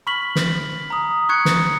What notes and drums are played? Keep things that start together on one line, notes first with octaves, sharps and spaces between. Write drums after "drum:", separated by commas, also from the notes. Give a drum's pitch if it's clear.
B5 C#6 F6 B6 F#7
drum: snare
A#5 D#6
C#6 F#6 G#6 C#7
drum: snare